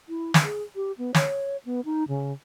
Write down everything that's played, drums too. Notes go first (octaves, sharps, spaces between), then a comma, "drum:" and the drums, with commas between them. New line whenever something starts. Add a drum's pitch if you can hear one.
E4
drum: snare
G#4
G4
B3
C#5, drum: snare
B3
D#4
C#3